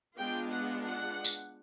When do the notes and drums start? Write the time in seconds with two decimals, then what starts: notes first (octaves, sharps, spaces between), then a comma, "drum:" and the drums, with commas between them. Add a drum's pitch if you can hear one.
0.18 G#3 B3 D4 F4 G5
0.52 F#5
0.84 F#5
1.24 drum: tambourine